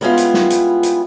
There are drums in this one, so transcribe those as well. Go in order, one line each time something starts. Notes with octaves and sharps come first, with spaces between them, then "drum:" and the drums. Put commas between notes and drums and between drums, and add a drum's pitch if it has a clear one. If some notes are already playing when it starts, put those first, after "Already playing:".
G3 G#3 B3 C#4 E4 F4
drum: hi-hat
drum: snare
drum: hi-hat
drum: hi-hat